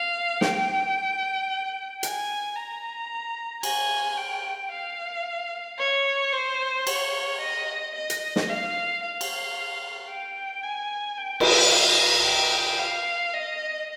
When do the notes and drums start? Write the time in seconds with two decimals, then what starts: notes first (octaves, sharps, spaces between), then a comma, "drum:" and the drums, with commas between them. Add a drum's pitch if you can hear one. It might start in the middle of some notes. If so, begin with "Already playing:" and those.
Already playing: F5
0.41 G5, drum: snare
2.03 G#5, drum: hi-hat
2.56 A#5
3.63 G#5, drum: cymbal
4.17 G5
4.72 F5
5.79 C#5
6.33 C5
6.87 C#5, drum: cymbal
7.41 D#5
7.95 D#5
8.10 drum: hi-hat
8.36 drum: snare
8.49 F5
9.03 F5
9.21 drum: cymbal
10.10 G5
10.64 G#5
11.17 G5
11.40 drum: cymbal
11.72 F5
12.25 G5
12.79 F5
13.34 D#5